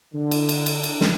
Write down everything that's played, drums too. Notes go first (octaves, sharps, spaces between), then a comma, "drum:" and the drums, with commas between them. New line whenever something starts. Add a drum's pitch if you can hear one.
D3
drum: cymbal
drum: cymbal
drum: cymbal
drum: cymbal
drum: snare